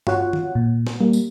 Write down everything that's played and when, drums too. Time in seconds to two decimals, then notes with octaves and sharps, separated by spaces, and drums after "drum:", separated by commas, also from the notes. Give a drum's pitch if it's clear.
0.07 F4 F#4 C#5 F#5, drum: tom G2
0.33 drum: tom D#3
0.55 A#2
0.87 drum: snare B3
1.01 G3 A#3
1.13 drum: tambourine